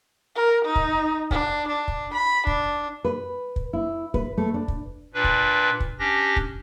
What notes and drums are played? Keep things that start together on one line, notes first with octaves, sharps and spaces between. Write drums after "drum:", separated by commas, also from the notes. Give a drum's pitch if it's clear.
A#4
D#4
drum: kick
D4, drum: kick
D4
drum: kick
B5
D4, drum: kick
B4
drum: kick
E4
B4, drum: kick
A3
D4
drum: kick
A#2 D4 B4
drum: kick
drum: kick
C#4 D4 G4 A#6
drum: kick